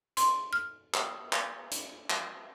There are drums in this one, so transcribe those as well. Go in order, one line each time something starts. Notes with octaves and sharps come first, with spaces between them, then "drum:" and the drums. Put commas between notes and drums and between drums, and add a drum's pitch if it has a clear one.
C6, drum: hi-hat
F6
drum: clap
drum: clap
drum: hi-hat
drum: clap